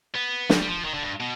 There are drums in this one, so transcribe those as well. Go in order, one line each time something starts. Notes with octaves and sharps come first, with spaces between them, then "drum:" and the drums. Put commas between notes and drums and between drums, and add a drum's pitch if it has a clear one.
B3
G3, drum: snare
G3
F3
D#3
D3
G2
B2